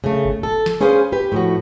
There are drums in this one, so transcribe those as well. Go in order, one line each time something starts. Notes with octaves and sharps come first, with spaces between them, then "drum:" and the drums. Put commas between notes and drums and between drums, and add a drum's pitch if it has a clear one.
C#3 A3
drum: kick G1
A4
drum: snare
C#4 G#4 B4 C5 F5
G4 B4
A2 F3 F#4